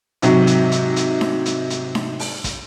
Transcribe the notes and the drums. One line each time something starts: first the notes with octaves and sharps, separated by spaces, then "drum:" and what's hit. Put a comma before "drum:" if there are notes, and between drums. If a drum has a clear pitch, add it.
G#2 C3 F#3, drum: hi-hat
drum: hi-hat
drum: hi-hat
drum: hi-hat
drum: snare D4
drum: hi-hat
drum: hi-hat
drum: snare D4
drum: open hi-hat
drum: kick, hi-hat